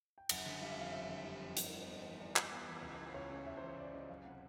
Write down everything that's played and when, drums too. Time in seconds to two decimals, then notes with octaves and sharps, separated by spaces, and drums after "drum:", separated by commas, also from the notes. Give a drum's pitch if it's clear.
0.18 G5
0.29 F#1 F#5, drum: cymbal
0.46 D3
0.61 G3 F5
0.70 E5
0.77 F2 F5
0.93 F#1 E5
1.09 D3
1.24 G3
1.41 F2
1.57 G2, drum: hi-hat
1.73 G3
1.88 B3 D#5
2.04 E3
2.20 G2 D5
2.36 G3, drum: clap
2.52 B3
2.66 E3
2.82 C#2
2.99 E3
3.14 C#2 C#5
3.30 C#3
3.46 C#2 E5
3.57 E3 C5
3.68 C#5
3.77 C#2 D5
3.94 C#3 D#5
4.09 F#1 F5
4.25 C3 F#5